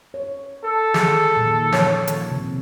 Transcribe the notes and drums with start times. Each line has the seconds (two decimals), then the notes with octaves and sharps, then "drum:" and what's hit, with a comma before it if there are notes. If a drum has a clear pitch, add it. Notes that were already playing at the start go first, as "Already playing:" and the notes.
0.14 C#5
0.64 A4
0.94 G#4, drum: snare
1.37 A#2 D#3 G3
1.72 F3 C#5, drum: snare
2.07 drum: hi-hat
2.31 C3